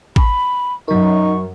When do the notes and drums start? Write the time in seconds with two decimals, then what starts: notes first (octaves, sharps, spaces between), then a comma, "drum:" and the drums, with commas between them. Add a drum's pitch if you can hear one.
0.16 B5, drum: kick
0.88 F#2 F#3 D#4 A#4 C#6